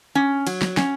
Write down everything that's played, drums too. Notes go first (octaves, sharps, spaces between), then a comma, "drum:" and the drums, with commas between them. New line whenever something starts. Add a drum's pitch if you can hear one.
C#4
F#3, drum: cymbal
drum: snare
C#4, drum: snare